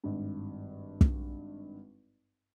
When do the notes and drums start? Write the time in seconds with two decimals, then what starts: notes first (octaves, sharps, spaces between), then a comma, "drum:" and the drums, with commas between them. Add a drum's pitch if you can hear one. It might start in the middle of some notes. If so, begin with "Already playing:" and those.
0.04 G#1 G2
1.01 drum: kick